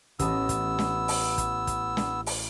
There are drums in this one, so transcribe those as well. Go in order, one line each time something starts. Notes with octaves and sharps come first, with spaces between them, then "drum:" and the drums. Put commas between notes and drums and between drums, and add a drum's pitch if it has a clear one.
A1 B3 D#5 A5 E6, drum: kick, hi-hat
drum: kick, hi-hat
drum: snare
drum: open hi-hat
drum: kick, hi-hat
drum: kick, hi-hat
drum: snare
drum: open hi-hat